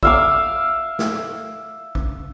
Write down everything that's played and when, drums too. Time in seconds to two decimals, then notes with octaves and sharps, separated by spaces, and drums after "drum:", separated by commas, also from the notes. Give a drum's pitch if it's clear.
0.03 E5 F5 D6, drum: kick
0.99 drum: snare
1.95 drum: kick